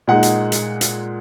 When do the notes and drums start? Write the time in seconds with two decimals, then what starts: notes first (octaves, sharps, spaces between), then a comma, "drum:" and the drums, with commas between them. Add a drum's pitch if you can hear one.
0.07 A#2 G#3 D#4 F#5
0.23 drum: hi-hat
0.52 drum: hi-hat
0.81 drum: hi-hat